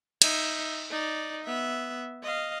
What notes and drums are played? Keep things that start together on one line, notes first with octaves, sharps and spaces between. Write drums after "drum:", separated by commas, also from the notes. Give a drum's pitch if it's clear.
D#4 E5, drum: cymbal
D#4 D5
B3 E5
D#5 F5